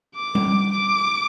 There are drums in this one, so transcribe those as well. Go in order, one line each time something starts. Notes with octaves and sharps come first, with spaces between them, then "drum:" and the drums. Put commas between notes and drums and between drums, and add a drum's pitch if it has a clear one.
D6
drum: tom G3
D6